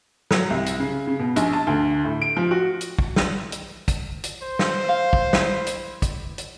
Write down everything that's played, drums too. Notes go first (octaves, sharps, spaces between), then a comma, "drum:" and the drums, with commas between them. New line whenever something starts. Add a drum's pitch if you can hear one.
F#3, drum: snare
C2
drum: hi-hat
C#3
C#3
B2
A#1, drum: hi-hat
A5
D2
A2
D7
F3
F#4
drum: hi-hat
drum: kick
drum: snare
drum: hi-hat
drum: kick, hi-hat
drum: hi-hat
C5
drum: snare
F5
drum: kick
E4, drum: snare
drum: hi-hat
drum: kick, hi-hat
drum: hi-hat